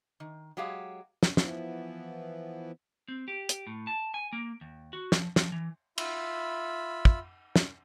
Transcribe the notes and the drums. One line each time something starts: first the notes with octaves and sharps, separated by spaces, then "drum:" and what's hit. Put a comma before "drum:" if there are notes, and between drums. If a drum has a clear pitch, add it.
D#3
F#3 G#3 G4 G#4 F5
drum: snare
E3 F3 B3 E4, drum: snare
C4
G4
drum: hi-hat
A2
A5
G#5
A#3
D#2
F#4
F3, drum: snare
F3, drum: snare
E3
F4 E5 B5, drum: cymbal
drum: kick
drum: snare